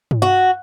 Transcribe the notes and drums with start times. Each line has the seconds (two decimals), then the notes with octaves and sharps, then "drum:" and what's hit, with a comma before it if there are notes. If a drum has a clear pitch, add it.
0.11 drum: tom
0.22 F#4